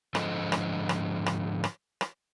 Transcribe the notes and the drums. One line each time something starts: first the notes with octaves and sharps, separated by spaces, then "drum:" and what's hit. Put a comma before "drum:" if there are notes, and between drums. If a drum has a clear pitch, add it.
G#2 D3 F3 A4 C5 D#5, drum: rim click
drum: rim click
drum: rim click
drum: rim click
drum: rim click
drum: rim click